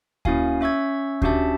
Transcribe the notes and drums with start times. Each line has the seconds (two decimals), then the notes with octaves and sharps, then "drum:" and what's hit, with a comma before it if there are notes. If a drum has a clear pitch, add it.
0.25 A#3 C#4 E4 F#4 F5 G#5, drum: kick D2
0.61 C#4 E5 C#6 E6 G#6
1.22 C#4 D4 F#4 G4 E5 A5, drum: kick D2